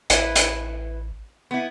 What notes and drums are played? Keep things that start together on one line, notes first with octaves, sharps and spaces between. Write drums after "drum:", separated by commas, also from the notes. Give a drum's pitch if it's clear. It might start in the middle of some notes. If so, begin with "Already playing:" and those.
A1 E4 B4, drum: hi-hat
drum: hi-hat
B3 E4